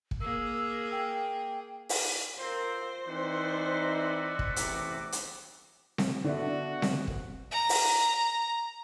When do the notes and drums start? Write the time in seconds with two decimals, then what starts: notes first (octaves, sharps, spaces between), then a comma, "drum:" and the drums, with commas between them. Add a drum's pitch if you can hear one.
0.11 drum: kick
0.21 A#3 G#4 E6
0.92 G5
1.89 drum: open hi-hat
2.38 C4 F4 A#4 C5
3.07 E3 C4 D#4 F#4 A4 B4 D5
4.39 drum: kick
4.56 A1 E2 C3 D6, drum: hi-hat
5.12 drum: hi-hat
5.98 drum: snare C4
6.24 D3 B3 D4 F#4 A4 E5
6.82 drum: snare C4
7.08 drum: kick
7.51 A#5
7.69 drum: open hi-hat